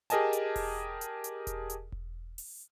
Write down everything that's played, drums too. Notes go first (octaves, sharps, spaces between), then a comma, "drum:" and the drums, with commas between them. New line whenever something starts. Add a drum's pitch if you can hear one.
G4 G#4 A#4 D#5 G#5 A5, drum: hi-hat
drum: hi-hat
drum: kick E1, open hi-hat
drum: hi-hat
drum: hi-hat
drum: kick E1, hi-hat
drum: hi-hat
drum: kick E1
drum: open hi-hat